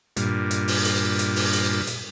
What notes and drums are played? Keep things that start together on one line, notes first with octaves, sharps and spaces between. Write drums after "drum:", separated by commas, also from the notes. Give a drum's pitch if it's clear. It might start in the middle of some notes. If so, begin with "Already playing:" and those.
G2 A#2, drum: hi-hat
drum: hi-hat
drum: open hi-hat
drum: hi-hat
drum: hi-hat
drum: open hi-hat
drum: hi-hat
drum: hi-hat